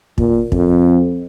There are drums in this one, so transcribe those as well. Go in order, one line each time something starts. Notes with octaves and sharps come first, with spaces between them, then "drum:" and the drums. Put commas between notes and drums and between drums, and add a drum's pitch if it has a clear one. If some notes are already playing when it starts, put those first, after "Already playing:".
A#2, drum: kick
F2, drum: kick